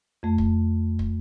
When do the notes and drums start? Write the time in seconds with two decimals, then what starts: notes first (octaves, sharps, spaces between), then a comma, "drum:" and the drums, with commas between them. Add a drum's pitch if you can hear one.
0.23 F2 A3
0.38 drum: kick
0.99 drum: kick